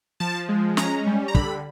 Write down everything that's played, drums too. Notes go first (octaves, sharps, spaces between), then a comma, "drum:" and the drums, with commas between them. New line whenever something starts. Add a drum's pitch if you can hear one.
F3 A5
G#3
C#4 A#5, drum: snare
G3
A#5
D3 B5, drum: kick